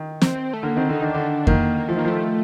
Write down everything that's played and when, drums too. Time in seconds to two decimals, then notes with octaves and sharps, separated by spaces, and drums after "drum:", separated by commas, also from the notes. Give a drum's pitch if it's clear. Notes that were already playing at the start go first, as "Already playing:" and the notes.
Already playing: D#3
0.22 C4, drum: snare
0.53 A3
0.63 D3 A#3
0.76 D#3 C4
0.89 D3 D#4
1.02 D#3 D4
1.14 D3
1.47 D#3 A#3, drum: kick F2
1.88 F3 A3
1.96 D#3 A#3
2.05 F3 A3